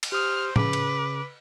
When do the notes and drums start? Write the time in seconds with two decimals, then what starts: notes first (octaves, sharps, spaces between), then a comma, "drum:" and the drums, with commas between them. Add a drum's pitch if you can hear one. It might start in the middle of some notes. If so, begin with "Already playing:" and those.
0.03 drum: cymbal
0.12 G4 C5 D#6 F6
0.56 C#3 B4 D6, drum: tom
0.73 drum: cymbal